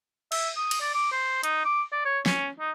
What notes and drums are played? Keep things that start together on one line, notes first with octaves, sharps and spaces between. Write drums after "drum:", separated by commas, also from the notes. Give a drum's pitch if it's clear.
E5, drum: cymbal
D#6
drum: cymbal
D5
D6
C5
D#4, drum: hi-hat
D6
D5
C#5
C#4, drum: snare
D#4